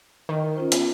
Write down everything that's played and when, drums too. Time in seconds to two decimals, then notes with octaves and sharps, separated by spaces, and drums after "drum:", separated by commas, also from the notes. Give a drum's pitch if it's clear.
0.29 D#3
0.56 C#4 F4 C5
0.72 B3, drum: hi-hat